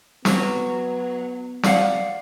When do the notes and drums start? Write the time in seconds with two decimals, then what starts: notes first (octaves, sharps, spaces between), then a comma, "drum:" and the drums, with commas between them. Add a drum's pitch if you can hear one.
0.25 F#3 B3, drum: snare
1.63 D5 F5 F#5, drum: snare